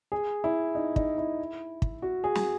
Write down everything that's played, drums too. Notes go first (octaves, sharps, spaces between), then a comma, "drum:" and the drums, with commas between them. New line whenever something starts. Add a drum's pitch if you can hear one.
G#4
E4
D#4
D#4, drum: kick
E4
drum: kick
F#4
G#4
drum: snare